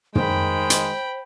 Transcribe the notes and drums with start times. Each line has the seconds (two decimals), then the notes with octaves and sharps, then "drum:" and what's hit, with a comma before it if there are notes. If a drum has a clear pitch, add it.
0.15 D#3 G#3 C5 G5 B5, drum: tom
0.70 drum: hi-hat